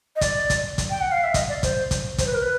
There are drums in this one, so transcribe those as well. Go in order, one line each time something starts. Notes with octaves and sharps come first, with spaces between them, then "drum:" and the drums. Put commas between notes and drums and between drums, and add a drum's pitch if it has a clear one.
D#5
D5, drum: kick, hi-hat
drum: kick, hi-hat
drum: kick, hi-hat
G5
F#5
F5
E5
D#5, drum: kick, hi-hat
D5
C5, drum: kick, hi-hat
drum: kick, hi-hat
C5, drum: kick, hi-hat
B4
A#4
B4